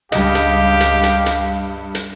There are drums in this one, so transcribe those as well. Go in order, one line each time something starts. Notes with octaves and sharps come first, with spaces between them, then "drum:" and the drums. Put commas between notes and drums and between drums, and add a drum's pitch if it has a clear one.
C#2 G2 G4 D#5 F5, drum: hi-hat
drum: hi-hat
drum: hi-hat
drum: hi-hat
drum: hi-hat
drum: hi-hat